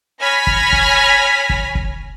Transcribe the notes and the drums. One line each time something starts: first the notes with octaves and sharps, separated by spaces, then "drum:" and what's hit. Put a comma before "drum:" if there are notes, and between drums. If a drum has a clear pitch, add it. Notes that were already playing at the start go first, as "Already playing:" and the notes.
C#5 G#5 B5 F6 A#6 B6
drum: kick
drum: kick
drum: kick
drum: kick